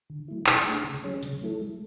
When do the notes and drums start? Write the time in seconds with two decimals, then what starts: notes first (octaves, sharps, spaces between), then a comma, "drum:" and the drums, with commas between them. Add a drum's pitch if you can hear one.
0.10 D3
0.28 F#3 A3 E4
0.47 B2, drum: clap
0.65 A3 D4 G#4
0.84 C#3
1.04 F#3 C#4 G#4 C#5
1.23 C#3, drum: hi-hat
1.41 F#3 A3 E4 A4
1.59 G#3